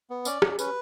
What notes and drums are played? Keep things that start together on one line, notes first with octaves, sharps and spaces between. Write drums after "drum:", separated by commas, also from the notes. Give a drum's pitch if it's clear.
B3
C#4 D5, drum: tambourine
C#4, drum: rim click
C#4 B4, drum: tambourine